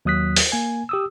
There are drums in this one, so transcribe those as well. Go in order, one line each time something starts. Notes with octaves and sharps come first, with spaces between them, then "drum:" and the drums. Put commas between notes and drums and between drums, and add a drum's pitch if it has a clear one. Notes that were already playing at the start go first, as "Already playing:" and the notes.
D#2 F#3 D#6 F#6 B6
drum: open hi-hat
A#3 G#5
G4 D#6 E6